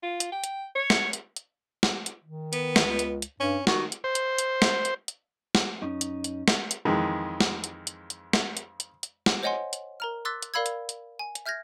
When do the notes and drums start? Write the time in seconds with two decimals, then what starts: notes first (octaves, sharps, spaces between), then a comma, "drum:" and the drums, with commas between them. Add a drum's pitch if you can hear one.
0.03 F4
0.20 drum: hi-hat
0.32 G5
0.44 drum: hi-hat
0.75 C#5
0.90 drum: snare
1.13 drum: hi-hat
1.36 drum: hi-hat
1.83 drum: snare
2.06 drum: hi-hat
2.24 D#3
2.53 B3, drum: hi-hat
2.76 drum: snare
2.85 C#2
2.99 drum: hi-hat
3.22 drum: hi-hat
3.40 G2 C#4
3.67 D#3 F#4, drum: snare
3.92 drum: hi-hat
4.04 C5
4.15 drum: hi-hat
4.38 drum: hi-hat
4.62 drum: snare
4.85 drum: hi-hat
5.08 drum: hi-hat
5.55 drum: snare
5.82 F#2 C#4 D#4
6.01 drum: hi-hat
6.24 drum: hi-hat
6.48 drum: snare
6.71 drum: hi-hat
6.85 F2 D#3 E3 G#3
7.40 drum: snare
7.64 drum: hi-hat
7.87 drum: hi-hat
8.10 drum: hi-hat
8.33 drum: snare
8.57 drum: hi-hat
8.80 drum: hi-hat
9.03 drum: hi-hat
9.26 drum: snare
9.43 C5 C#5 D#5 F#5 G#5 C6
9.73 drum: hi-hat
10.00 A#4 A#5 F6
10.25 C6 D6 E6 F#6 A6 B6
10.42 drum: hi-hat
10.54 A#4 D5 F5 B5 E6 G#6
10.66 drum: hi-hat
10.89 drum: hi-hat
11.19 G#5
11.35 drum: hi-hat
11.46 E5 F6 G6 G#6 A#6